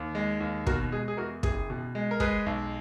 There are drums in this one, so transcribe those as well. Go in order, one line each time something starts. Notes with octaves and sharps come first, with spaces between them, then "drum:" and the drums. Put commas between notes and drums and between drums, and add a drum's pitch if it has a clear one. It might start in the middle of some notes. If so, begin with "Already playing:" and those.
Already playing: D#2
G#3
D#2
B2 F#4 A#4, drum: kick
G#3 G#4
G#4
E2 F#4 A#4
F#1 G#4, drum: kick
B2
G#3
A#4
G#3 G#4 B4, drum: kick
B1